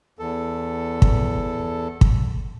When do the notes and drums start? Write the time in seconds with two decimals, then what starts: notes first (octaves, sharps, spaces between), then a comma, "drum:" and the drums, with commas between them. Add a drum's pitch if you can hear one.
0.19 E2 A4
1.02 drum: kick
2.01 drum: kick